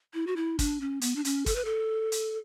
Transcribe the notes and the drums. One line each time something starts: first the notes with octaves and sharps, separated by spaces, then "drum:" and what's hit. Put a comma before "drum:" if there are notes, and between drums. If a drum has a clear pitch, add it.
E4
F#4
E4
D4, drum: kick, hi-hat
C#4
B3, drum: hi-hat
D4
C#4, drum: hi-hat
A4, drum: kick, hi-hat
B4
A4
drum: hi-hat